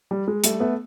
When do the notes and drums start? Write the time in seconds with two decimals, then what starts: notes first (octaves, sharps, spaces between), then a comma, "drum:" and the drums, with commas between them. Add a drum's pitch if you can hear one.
0.11 G3
0.28 G#3
0.44 G3 A3, drum: hi-hat
0.60 A3 B3